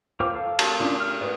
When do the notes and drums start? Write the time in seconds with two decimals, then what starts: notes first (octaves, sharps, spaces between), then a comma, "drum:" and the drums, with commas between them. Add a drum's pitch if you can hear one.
0.20 F4 A#4 C5 G5 D6
0.34 A4 F5
0.59 A5, drum: cymbal
0.80 C#4 D4 F4
1.00 F6
1.21 G#3 F#4 G#4 B4 D5